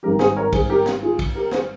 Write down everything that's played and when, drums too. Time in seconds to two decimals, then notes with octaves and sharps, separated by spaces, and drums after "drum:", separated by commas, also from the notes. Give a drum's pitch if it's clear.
0.03 G#1 G2 G3 G4 A#4
0.19 G#4 C5, drum: snare
0.36 A#4 C#5
0.53 G#4 C5, drum: kick, cymbal
0.69 G4 A#4
0.86 drum: snare
1.03 F4 G#4
1.19 drum: kick, cymbal
1.35 G4 A#4
1.51 G#4 C5, drum: snare